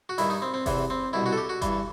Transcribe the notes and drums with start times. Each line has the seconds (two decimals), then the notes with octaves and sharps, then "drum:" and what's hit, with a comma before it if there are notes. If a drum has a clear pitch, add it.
0.09 F#4
0.18 G2 D#3 E4, drum: open hi-hat
0.30 D#4
0.42 C4
0.54 C4
0.66 E2 C3 E3, drum: kick F#1, open hi-hat
0.90 C4
1.13 C2 B2 E4
1.26 F#4
1.33 A4
1.38 G4
1.49 F#4
1.62 G2 E3, drum: kick F#1, hi-hat